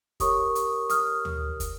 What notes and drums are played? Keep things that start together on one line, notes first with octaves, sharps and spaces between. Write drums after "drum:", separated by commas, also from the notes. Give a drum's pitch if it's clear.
G4 A#4 C#5 C#6 D#6, drum: kick, hi-hat
drum: hi-hat
D#6 F6, drum: hi-hat
drum: tom D2
drum: kick, hi-hat